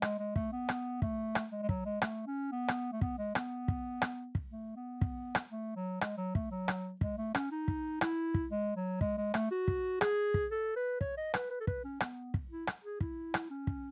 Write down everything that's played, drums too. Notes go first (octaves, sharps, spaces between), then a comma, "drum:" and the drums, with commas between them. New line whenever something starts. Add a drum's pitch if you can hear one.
G#3, drum: rim click
G#3
A3, drum: kick
B3
drum: rim click
A3, drum: kick
drum: rim click
G#3
G#3
F#3, drum: kick
G#3
A3, drum: rim click
C#4
B3
drum: rim click
A3
B3, drum: kick
G#3
B3, drum: rim click
drum: kick
drum: rim click
drum: kick
A3
B3
drum: kick
drum: rim click
A3
F#3
G#3, drum: rim click
F#3
A3, drum: kick
F#3
drum: rim click
G#3, drum: kick
A3
C#4, drum: rim click
D#4
drum: kick
E4, drum: rim click
drum: kick
G#3
F#3
G#3, drum: kick
G#3
A3, drum: rim click
F#4
drum: kick
G#4, drum: rim click
drum: kick
A4
B4
C#5, drum: kick
D#5
B4, drum: rim click
B4
A4
B4, drum: kick
C#4
B3, drum: rim click
drum: kick
E4
drum: rim click
G#4
E4, drum: kick
drum: rim click
C#4
drum: kick